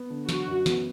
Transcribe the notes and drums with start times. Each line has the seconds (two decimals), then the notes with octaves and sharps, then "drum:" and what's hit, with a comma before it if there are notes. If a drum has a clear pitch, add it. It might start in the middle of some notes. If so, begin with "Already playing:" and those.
Already playing: B3
0.10 D3
0.29 F#3 F#4, drum: snare
0.47 F#2
0.66 B3, drum: snare